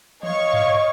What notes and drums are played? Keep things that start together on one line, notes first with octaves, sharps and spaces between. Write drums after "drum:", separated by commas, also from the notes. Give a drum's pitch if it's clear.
C#5 D#5 F5 C#6, drum: tom E3
drum: tom G2